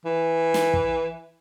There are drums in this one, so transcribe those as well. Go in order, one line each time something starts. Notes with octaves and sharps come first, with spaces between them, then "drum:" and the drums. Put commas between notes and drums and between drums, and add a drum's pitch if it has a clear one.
E3
drum: snare
drum: kick